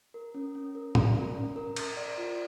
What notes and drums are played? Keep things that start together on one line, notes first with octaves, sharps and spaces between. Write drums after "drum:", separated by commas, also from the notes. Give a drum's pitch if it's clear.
A#4
C#4
C#4
A#4
D5, drum: tom
A#4
C#4
A#4
A#4, drum: cymbal
D5
F4